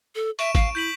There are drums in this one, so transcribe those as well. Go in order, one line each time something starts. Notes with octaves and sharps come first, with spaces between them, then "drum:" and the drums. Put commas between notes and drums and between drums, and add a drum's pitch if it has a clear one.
A4
E5 C#6 D7 E7, drum: hi-hat
F5, drum: kick, hi-hat
E4 G6 B6 F#7